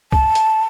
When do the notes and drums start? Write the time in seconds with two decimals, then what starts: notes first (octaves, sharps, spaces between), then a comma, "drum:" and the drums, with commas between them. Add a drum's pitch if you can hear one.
0.12 A5, drum: kick
0.35 drum: hi-hat